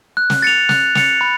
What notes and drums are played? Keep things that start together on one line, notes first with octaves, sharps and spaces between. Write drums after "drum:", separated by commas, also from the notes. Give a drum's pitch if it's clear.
F#6
drum: snare
A6 C#7 F7
F#6, drum: snare
A6 C#7 F7, drum: snare
B5